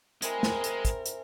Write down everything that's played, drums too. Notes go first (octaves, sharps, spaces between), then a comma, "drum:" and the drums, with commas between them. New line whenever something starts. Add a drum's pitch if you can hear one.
G#3 C4 E4 G#4 A#4, drum: hi-hat
drum: snare
drum: hi-hat
drum: kick, hi-hat
drum: hi-hat